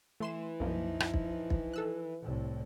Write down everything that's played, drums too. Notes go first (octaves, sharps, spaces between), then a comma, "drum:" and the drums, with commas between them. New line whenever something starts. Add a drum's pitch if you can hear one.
E3 A3 C6 E7
C2 F#2 F3 A#3 D#4
drum: rim click
drum: kick
drum: kick
A4 E6 F#6
C2 A2